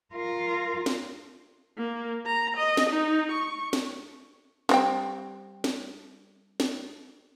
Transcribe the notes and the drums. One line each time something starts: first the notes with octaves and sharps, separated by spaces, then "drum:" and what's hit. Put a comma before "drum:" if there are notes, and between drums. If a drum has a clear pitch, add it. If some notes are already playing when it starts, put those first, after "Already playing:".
F4 A#4
drum: snare
A#3
A#5
D#5
drum: snare
D#4
C#6
drum: snare
G3 C4 G5, drum: snare
drum: snare
drum: snare